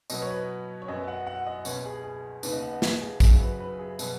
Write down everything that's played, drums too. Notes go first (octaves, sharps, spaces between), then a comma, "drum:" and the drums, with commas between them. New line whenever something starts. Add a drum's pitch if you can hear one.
B2 F#3 B3 D#5, drum: tambourine
C#5
B4
C#5
F#2 F#3 B3 D#5
F#5
F#5
D#5
C#2 B2 B3 C#5, drum: tambourine
G#4
G#4
D#2 C#3 B3 B4, drum: tambourine
D#5
F#5
D#5
B4, drum: snare
G#4
F#2 C#3 F#3 G#4, drum: kick A#1, tambourine
B4
B4
G#4
B2 F#3 B3, drum: tambourine